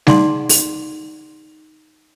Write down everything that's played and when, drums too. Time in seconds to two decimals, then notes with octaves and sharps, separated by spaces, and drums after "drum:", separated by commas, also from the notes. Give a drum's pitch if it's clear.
0.07 D#4 G#4 D5 F#5 C6, drum: snare G3
0.49 drum: open hi-hat